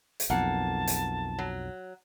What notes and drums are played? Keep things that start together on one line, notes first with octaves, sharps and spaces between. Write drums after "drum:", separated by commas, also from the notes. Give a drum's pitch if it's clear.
drum: hi-hat
B1 F2 A#3 F#5 A5
drum: hi-hat
F#3